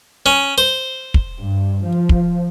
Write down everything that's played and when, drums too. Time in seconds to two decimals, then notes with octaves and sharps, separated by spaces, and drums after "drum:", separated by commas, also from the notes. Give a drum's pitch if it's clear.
0.26 C#4
0.58 C5
1.14 drum: kick
1.40 G2
1.86 F3
2.09 drum: kick